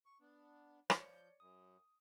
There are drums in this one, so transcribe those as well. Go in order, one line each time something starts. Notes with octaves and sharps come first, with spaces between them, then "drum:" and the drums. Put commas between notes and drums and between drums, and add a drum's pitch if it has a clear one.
C#6
B3 D4
F3 C#5 D5 G6 C#7, drum: rim click
F#2 D#6